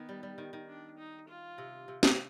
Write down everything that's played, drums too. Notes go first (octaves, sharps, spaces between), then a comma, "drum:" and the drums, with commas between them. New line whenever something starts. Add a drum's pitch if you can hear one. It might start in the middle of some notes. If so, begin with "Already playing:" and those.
Already playing: D#3 B3
G3
G3
D#3
D#3
D4
D#4
F4
C3
C3
C3, drum: snare